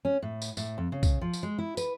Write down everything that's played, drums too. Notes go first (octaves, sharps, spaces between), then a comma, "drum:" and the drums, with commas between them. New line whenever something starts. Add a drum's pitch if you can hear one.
C#4
A2
drum: tambourine
A2, drum: tambourine
F2
C#3
drum: kick, tambourine
F3
drum: tambourine
G#3
E4
B4, drum: tambourine